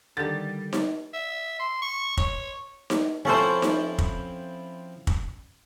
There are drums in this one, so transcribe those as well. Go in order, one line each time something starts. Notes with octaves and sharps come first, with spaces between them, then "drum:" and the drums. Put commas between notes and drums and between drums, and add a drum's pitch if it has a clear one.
D3 D#3 G3 G4 G6 A6
drum: snare D#4
E5
C6
C#6
C#5, drum: kick
drum: snare D#4
F3 C4 C#4 E4 A4 C5
drum: snare D#4
drum: kick
drum: kick